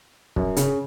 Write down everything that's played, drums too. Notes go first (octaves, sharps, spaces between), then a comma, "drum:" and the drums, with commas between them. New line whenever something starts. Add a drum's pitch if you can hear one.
F#2, drum: kick
C#3, drum: hi-hat